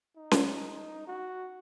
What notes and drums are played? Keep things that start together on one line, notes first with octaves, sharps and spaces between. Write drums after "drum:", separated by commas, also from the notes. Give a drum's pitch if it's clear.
D#4
drum: snare C#4
F#4